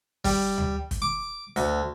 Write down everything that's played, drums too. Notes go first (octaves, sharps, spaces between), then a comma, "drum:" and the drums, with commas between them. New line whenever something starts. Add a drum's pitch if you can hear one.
G3, drum: kick, open hi-hat
drum: tom D2
drum: kick, hi-hat
D6
D2, drum: hi-hat